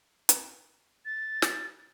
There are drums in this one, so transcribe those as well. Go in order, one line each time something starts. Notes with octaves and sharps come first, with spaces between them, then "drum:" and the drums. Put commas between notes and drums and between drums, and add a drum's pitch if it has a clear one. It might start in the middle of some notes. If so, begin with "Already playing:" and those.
drum: hi-hat
A6
drum: snare